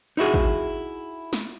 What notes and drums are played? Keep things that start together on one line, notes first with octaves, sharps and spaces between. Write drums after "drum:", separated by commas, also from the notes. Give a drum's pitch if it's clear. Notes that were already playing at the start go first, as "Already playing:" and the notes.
D#4 E4 F#4 G#4
drum: kick
drum: snare